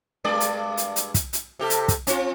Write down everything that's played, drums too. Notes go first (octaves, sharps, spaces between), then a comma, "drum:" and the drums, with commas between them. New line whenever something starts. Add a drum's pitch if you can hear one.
G2 G#3 D5
drum: hi-hat
drum: hi-hat
drum: hi-hat
drum: kick, hi-hat
drum: hi-hat
C3 G4 A4
drum: hi-hat
drum: kick, hi-hat
C4 F4, drum: hi-hat